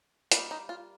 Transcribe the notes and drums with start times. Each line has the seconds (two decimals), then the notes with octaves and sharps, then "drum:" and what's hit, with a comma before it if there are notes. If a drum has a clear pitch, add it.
0.32 G3 A#3 D#4 F4, drum: hi-hat
0.51 D#4
0.69 F4